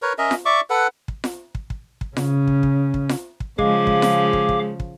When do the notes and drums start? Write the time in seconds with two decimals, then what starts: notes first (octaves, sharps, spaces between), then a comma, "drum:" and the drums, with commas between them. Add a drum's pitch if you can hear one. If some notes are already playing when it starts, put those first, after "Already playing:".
0.02 A#4 B4 C#5
0.18 C#4 A#4 D#5 E5
0.31 drum: snare F4
0.45 D5 E5 C#6 D6
0.70 A4 B4 F#5
1.08 drum: kick
1.24 drum: snare F4
1.55 drum: kick
1.70 drum: kick
2.01 drum: kick
2.17 C#3 C#4, drum: snare F4
2.47 drum: kick
2.63 drum: kick
2.94 drum: kick
3.09 drum: snare F4
3.40 drum: kick
3.59 C#3 F3 G#3 G#4 F5 D6, drum: kick
3.87 drum: kick
4.02 drum: snare F4
4.33 drum: kick
4.49 drum: kick
4.80 drum: kick